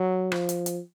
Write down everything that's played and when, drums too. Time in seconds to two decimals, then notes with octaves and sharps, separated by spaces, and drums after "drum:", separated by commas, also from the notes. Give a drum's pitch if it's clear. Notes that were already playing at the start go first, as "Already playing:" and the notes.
Already playing: F#3
0.32 F3, drum: rim click
0.49 drum: hi-hat
0.66 drum: hi-hat